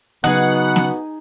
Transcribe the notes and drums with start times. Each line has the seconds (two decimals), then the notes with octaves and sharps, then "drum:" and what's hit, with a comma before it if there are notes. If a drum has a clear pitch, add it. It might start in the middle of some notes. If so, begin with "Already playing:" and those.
0.24 C#3 F#3 B3 D#4 F#4 G#4 F#5, drum: snare B3
0.76 drum: snare B3